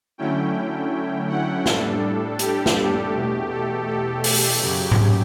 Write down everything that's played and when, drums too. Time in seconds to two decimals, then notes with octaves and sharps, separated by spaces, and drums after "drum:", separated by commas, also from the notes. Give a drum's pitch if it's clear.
0.18 D3 F#3 A3 C#4 E4 G5
1.29 F#5
1.66 A2 G3 D4 A4, drum: snare
2.39 G4, drum: hi-hat
2.66 drum: snare
3.13 E2 B2 A3
3.50 A4
3.87 A4
4.24 A4, drum: open hi-hat
4.60 F#2 C#3 F#3 G4
4.92 drum: tom G#2